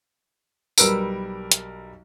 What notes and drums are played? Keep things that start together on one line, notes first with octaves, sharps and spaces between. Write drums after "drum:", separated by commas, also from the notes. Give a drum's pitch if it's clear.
B1 G3 A#4 B4 E6 D7, drum: tambourine
drum: hi-hat